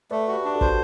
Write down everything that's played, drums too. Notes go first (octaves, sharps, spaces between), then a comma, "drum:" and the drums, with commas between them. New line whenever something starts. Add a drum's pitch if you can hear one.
A3 B4 D5
F#4
G4 B4
D4
F#4 A4
C5, drum: kick